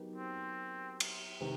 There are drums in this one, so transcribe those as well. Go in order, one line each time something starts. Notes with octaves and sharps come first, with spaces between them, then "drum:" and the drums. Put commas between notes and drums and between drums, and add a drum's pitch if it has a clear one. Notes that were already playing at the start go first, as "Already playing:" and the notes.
Already playing: F#3 B3 D#4 G4 A#4
C4
drum: cymbal
C3 D#3